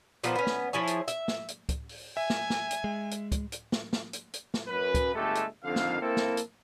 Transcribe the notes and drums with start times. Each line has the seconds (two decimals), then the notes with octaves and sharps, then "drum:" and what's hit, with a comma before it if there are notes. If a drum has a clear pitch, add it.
0.24 A#2 F3 B3 C4, drum: hi-hat
0.36 B3 C#4
0.47 drum: snare
0.73 F3 E4 G#4 C#5
0.87 drum: hi-hat
1.08 E5, drum: hi-hat
1.28 drum: snare
1.48 drum: hi-hat
1.69 drum: kick, hi-hat
1.89 drum: open hi-hat
2.17 E5 G#5
2.30 drum: snare
2.50 drum: snare
2.71 drum: hi-hat
2.84 G#3
3.11 drum: hi-hat
3.32 drum: kick, hi-hat
3.52 drum: hi-hat
3.72 drum: snare
3.93 drum: snare
4.13 drum: hi-hat
4.33 drum: hi-hat
4.54 drum: snare
4.68 F#2 B4
4.95 drum: kick, hi-hat
5.14 G1 G#3 A3 G4 A4
5.35 drum: hi-hat
5.64 F2 D3 D#3 F5
5.76 drum: snare
6.01 A#3 C4 E4 A4
6.17 drum: snare
6.37 drum: hi-hat